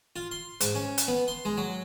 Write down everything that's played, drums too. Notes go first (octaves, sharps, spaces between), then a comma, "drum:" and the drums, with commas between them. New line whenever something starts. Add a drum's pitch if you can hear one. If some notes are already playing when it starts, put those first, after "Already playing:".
F4
C6
G#2, drum: hi-hat
C#4
drum: hi-hat
B3
C6
G#3
F#3